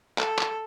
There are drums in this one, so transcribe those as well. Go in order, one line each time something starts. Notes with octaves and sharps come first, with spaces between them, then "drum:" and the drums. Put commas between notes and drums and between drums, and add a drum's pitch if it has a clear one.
A4, drum: clap
drum: clap